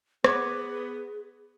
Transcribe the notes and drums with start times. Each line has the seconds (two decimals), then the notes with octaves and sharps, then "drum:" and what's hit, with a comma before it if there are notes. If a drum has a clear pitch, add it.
0.24 B3 G#4 D6 G#6, drum: rim click